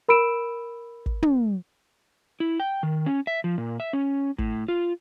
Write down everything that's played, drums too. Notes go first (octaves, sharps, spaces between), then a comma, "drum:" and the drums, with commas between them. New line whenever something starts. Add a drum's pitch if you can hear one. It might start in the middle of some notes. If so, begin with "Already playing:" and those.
A#4 B5 E6 D7 E7
drum: kick
drum: tom
E4
G5
D#3
C#4
E5
F3
A#2
E5
C#4
A2, drum: kick
F4